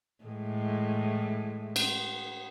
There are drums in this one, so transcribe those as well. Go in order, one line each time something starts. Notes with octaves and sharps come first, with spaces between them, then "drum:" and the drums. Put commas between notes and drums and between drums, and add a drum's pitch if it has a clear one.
A2 E3 G#3
drum: cymbal